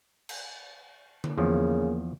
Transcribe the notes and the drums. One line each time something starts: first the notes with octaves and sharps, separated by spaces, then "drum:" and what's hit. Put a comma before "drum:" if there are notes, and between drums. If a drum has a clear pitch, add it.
drum: cymbal
drum: tom D3
E2 C#3 F3 A#3